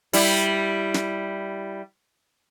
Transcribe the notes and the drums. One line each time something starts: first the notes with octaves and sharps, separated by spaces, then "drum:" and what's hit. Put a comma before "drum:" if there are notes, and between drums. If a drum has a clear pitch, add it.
G3 E4, drum: open hi-hat
drum: snare